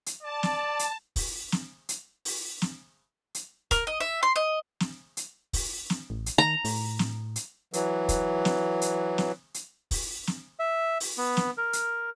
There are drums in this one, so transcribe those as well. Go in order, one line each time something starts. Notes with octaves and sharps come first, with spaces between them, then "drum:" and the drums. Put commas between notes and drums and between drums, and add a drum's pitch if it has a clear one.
drum: hi-hat
D5 A5
drum: snare
drum: hi-hat
drum: kick, open hi-hat
drum: snare
drum: hi-hat
drum: open hi-hat
drum: snare
drum: hi-hat
A#4, drum: kick, hi-hat
D#5
E5
C6
D#5
drum: snare
drum: hi-hat
drum: kick, open hi-hat
drum: snare
A1
drum: hi-hat
D#3 A#5
A2, drum: open hi-hat
drum: snare
drum: hi-hat
E3 F#3, drum: hi-hat
drum: kick, hi-hat
drum: snare
drum: hi-hat
drum: snare
drum: hi-hat
drum: kick, open hi-hat
drum: snare
E5
drum: open hi-hat
B3
drum: snare
A#4
drum: hi-hat